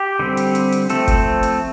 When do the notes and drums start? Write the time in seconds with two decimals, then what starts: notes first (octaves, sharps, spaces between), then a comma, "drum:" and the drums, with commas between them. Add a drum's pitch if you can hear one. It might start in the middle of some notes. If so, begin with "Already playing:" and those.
Already playing: G4
0.19 D3 G3 C4
0.37 drum: hi-hat
0.55 drum: hi-hat
0.72 drum: hi-hat
0.89 F3 A3 C4 A4, drum: hi-hat
1.08 drum: kick F#1, hi-hat
1.43 drum: hi-hat